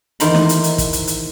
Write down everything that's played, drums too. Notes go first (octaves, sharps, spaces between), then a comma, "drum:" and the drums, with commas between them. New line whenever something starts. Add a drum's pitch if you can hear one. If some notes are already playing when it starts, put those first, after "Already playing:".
E2 D#3 D#4 C5 A#5 B5, drum: hi-hat
drum: snare
drum: hi-hat
drum: hi-hat
drum: kick, hi-hat
drum: hi-hat
drum: hi-hat